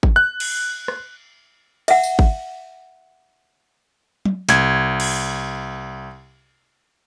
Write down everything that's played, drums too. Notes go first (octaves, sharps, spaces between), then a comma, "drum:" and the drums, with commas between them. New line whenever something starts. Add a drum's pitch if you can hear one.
drum: kick G#1
F#6
drum: cymbal
drum: rim click
E5 F#5, drum: cymbal
drum: tambourine
drum: kick G#1
drum: tom
C2 G#6, drum: snare
drum: cymbal